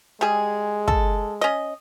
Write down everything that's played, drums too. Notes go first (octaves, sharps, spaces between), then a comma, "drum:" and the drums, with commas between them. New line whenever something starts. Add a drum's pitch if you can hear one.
G3 G#3 G#4
A4, drum: kick
C#4 D#5